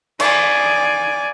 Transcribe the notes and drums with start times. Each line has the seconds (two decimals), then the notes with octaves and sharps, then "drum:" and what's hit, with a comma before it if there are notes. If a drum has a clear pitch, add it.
0.20 D5 G#5, drum: cymbal